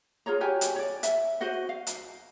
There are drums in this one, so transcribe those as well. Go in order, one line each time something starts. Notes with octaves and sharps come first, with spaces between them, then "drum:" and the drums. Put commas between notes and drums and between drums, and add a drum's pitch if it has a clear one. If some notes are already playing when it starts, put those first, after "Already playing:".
F4 G#4 C#5 A#5
F#4 G4 C#5 G#5
drum: hi-hat
C#5 D5
E5, drum: hi-hat
F#4 C5 D#5 F#5
F5
drum: hi-hat